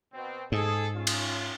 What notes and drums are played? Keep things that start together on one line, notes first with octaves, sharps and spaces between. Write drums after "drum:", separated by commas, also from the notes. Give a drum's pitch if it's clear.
B2 C4
G#2 G#4 A4
C#4 F4
drum: cymbal